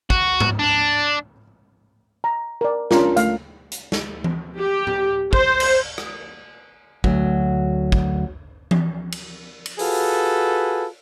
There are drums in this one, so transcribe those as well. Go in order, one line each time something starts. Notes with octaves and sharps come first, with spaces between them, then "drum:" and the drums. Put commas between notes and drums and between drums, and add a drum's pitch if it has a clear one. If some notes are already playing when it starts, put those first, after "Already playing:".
F#4, drum: kick
drum: tom G#2
D4
A#5
A#4 D5
C#4 D4 F4 A#4, drum: snare
A3 F5, drum: hi-hat
drum: hi-hat
drum: snare
drum: tom E3
G4
drum: tom
C5, drum: kick
drum: cymbal
drum: rim click
D2 F#3, drum: kick
drum: kick
drum: tom E3
drum: cymbal
drum: cymbal
F4 F#4 G#4 A4 B4, drum: open hi-hat